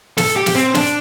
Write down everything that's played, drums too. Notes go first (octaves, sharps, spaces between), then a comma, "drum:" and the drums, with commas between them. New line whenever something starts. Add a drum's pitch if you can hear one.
A4, drum: snare
G4
drum: snare
C4
D4, drum: snare